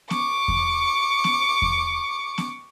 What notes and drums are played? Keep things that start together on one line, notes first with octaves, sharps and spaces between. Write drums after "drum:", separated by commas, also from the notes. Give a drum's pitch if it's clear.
C#6 D6, drum: snare B3
drum: kick E2
drum: snare B3
drum: kick E2
drum: snare B3